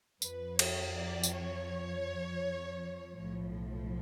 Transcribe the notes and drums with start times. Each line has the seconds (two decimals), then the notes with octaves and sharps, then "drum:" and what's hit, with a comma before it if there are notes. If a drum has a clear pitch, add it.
0.22 F2 F3 B4, drum: tambourine
0.59 C#5, drum: cymbal
0.96 D5
1.23 drum: tambourine
1.33 C#5
3.19 B1 A2 F3